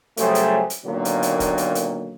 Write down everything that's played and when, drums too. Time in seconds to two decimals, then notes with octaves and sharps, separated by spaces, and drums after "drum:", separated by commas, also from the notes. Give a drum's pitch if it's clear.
0.17 C#3 F#3 G3 A3 G#4 C5, drum: hi-hat
0.35 drum: hi-hat
0.70 drum: hi-hat
0.84 A#2 D3 D#3 F#3 A#3 B3
1.05 drum: hi-hat
1.22 drum: hi-hat
1.40 drum: kick, hi-hat
1.58 drum: hi-hat
1.75 drum: hi-hat